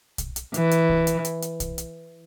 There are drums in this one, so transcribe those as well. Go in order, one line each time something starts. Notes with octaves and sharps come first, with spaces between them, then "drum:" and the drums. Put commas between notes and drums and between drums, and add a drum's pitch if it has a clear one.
drum: kick, hi-hat
drum: hi-hat
E3, drum: hi-hat
drum: hi-hat
drum: kick
drum: hi-hat
drum: hi-hat
drum: hi-hat
drum: kick, hi-hat
drum: hi-hat